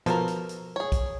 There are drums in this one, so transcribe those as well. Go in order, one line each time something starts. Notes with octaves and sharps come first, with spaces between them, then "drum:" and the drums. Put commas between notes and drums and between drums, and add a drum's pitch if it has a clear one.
B2 F3 A4 A#4, drum: hi-hat
drum: hi-hat
drum: hi-hat
G#4 C#5
drum: kick B1, hi-hat